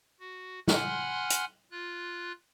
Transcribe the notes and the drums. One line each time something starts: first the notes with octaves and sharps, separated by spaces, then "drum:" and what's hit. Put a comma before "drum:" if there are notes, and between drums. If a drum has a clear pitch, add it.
F#4
F#5 G#5 B5 C6 F6 F#6, drum: snare
drum: hi-hat
F4 F#6